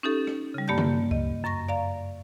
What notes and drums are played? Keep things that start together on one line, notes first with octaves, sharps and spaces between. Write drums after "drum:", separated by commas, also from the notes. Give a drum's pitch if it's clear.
C#4 D#4 G4 A4
drum: rim click
C#3 G3
G2 A#3 G4 D5 A5 G6
drum: tom C#3
D#5, drum: kick C#2
F#2 A#5 C#6 A#6
D5 F5 A#5